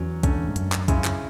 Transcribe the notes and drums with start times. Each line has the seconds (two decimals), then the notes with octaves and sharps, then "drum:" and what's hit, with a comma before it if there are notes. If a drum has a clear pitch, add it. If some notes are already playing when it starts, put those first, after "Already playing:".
Already playing: E2 F#3 C#4
0.23 D3 A3 C#4, drum: kick, hi-hat
0.48 G#2
0.56 F#2, drum: hi-hat
0.72 drum: clap
0.88 C#3 G#3 C#4 E4, drum: kick, hi-hat
1.04 drum: clap